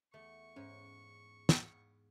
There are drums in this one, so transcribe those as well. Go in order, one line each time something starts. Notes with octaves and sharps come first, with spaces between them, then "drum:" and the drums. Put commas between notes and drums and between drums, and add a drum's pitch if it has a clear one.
E2 A3 C#6
G#2 C#4 C#5
drum: snare